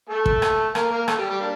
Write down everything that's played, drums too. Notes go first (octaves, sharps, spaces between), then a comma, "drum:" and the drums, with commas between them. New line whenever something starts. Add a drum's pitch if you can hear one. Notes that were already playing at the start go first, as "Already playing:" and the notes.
A3 A4
drum: kick
drum: rim click
A#3 A#4, drum: rim click
A#3 A#4
A3 A4, drum: rim click
G3 G4
G3 G4
G3 A#3 D4